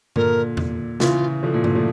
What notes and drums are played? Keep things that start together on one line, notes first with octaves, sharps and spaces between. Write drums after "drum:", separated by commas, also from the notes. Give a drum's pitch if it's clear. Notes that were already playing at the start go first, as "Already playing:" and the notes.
A#2 D3 A#4, drum: tom G2
drum: tom E2
C#3 E3 F4, drum: snare
D3 F3
A#2
A#2 D3, drum: tom G2
F3 A3